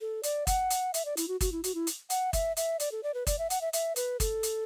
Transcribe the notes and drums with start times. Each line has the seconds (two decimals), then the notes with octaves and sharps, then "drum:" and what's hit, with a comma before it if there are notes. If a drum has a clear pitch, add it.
0.01 A4
0.23 D5, drum: hi-hat
0.47 F#5, drum: kick, hi-hat
0.70 drum: hi-hat
0.94 E5, drum: hi-hat
1.05 D5
1.17 E4, drum: hi-hat
1.28 F#4
1.41 F#4, drum: kick, hi-hat
1.52 E4
1.64 F#4, drum: hi-hat
1.75 E4
1.87 drum: hi-hat
2.10 F#5, drum: hi-hat
2.33 E5, drum: kick, hi-hat
2.57 E5, drum: hi-hat
2.80 D5, drum: hi-hat
2.92 A4
3.03 D5
3.14 B4
3.27 D5, drum: kick, hi-hat
3.39 E5
3.50 F#5, drum: hi-hat
3.61 E5
3.73 E5, drum: hi-hat
3.96 B4, drum: hi-hat
4.20 A4, drum: kick, hi-hat
4.43 drum: hi-hat